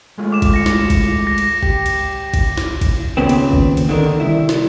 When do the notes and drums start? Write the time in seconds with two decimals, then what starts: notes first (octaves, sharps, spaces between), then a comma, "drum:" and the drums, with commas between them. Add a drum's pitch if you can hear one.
0.18 G#3 A3 F4
0.32 D6 E7
0.42 drum: kick, cymbal
0.54 A#6 C#7
0.66 drum: snare
0.90 drum: kick, cymbal
1.27 A#6
1.38 drum: cymbal
1.63 G4, drum: kick
1.86 drum: cymbal
2.34 drum: kick, cymbal
2.58 drum: snare
2.81 drum: kick, cymbal
3.17 D#2 A#2 C#3 B3 C4
3.29 drum: cymbal
3.53 drum: kick
3.77 drum: cymbal
3.89 D3 D#3 A#4
4.20 C2 E4
4.49 drum: snare